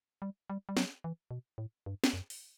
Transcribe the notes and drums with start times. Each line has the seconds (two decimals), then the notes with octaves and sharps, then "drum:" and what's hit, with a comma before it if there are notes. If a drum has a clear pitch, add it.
0.22 G3
0.50 G3
0.69 G3
0.77 F#3, drum: snare
1.04 E3
1.31 B2
1.58 A2
1.86 G2
2.04 drum: snare
2.13 F#2
2.30 drum: open hi-hat